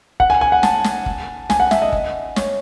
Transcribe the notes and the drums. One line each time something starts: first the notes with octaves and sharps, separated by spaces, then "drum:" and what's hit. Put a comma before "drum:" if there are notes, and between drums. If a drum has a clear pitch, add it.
F#5, drum: kick
G#5
G#5
F#5
A5, drum: snare
drum: snare
drum: kick
G#5, drum: snare
F#5
E5, drum: snare
D#5
drum: kick
C#5, drum: snare